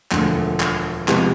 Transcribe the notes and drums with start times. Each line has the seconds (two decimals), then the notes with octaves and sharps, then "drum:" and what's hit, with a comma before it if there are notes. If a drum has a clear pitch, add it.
0.11 E1 D2 D3 F3, drum: clap
0.60 drum: clap
1.08 C3 F3 G#3 B3, drum: clap